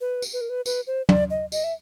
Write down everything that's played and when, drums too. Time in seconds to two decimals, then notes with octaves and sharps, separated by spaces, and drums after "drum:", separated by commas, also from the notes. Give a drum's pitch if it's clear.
0.01 B4
0.22 drum: tambourine
0.33 B4
0.41 A#4
0.49 B4
0.66 B4, drum: tambourine
0.87 C5
1.09 D5, drum: tom
1.30 D#5
1.52 D#5, drum: tambourine
1.64 E5